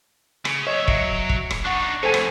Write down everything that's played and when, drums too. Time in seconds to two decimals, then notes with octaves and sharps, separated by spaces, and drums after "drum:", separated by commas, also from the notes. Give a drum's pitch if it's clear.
0.45 C#3, drum: rim click
0.67 B1 C#5 D#5 E5
0.88 F#3 E5 C#7 D7, drum: kick
1.29 drum: kick
1.51 drum: rim click
1.65 D4 D#4 F#5 C#6 F#6
2.03 F2 A2 A4 C5 G#5
2.14 drum: rim click